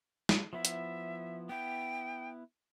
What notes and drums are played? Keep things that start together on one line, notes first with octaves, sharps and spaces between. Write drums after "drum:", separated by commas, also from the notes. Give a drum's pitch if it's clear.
drum: snare
F3 B3 E4 E5
drum: hi-hat
B3 E4 G5